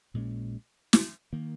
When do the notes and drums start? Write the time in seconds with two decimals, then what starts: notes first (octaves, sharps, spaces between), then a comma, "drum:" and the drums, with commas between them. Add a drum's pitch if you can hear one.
0.14 A#1 A#2 G#3 C#4
0.93 drum: snare
1.33 D#3 A#3